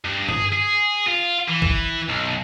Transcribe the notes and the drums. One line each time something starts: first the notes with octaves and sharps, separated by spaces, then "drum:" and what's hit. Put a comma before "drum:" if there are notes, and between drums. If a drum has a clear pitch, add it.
G2
G#4, drum: tom G2
G#4
F4
E3
drum: kick A#1
B1